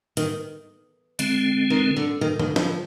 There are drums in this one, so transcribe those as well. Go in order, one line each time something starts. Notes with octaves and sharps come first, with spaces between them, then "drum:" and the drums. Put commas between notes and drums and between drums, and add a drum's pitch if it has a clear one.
D#3, drum: hi-hat
D3 G#3 C4, drum: hi-hat
D#3
D3
D#3
D#3, drum: tom D3
F3, drum: snare